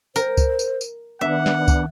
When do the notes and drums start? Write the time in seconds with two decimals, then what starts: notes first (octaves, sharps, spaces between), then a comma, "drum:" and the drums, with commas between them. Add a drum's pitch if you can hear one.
0.16 A#4 C5, drum: tambourine
0.37 drum: kick C#2, tambourine
0.59 drum: tambourine
0.81 drum: tambourine
1.21 D#3 B3 D4 E5 F#5
1.46 drum: snare
1.68 drum: kick C#2, tambourine